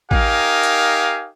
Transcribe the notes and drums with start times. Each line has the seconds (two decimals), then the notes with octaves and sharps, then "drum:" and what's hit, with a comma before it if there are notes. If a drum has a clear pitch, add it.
0.11 D#4 G4 A#4 F5 G#5, drum: kick A1
0.63 drum: hi-hat